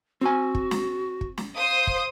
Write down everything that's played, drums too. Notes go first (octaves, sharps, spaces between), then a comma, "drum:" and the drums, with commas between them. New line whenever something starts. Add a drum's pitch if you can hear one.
C4 F#4 G#5
drum: kick
drum: snare
drum: kick
drum: snare
C5 F5 D#6
drum: kick